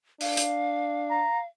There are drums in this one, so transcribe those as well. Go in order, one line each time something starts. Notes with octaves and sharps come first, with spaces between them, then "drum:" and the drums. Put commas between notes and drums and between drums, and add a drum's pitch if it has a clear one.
D4 F5, drum: open hi-hat
drum: hi-hat
A#5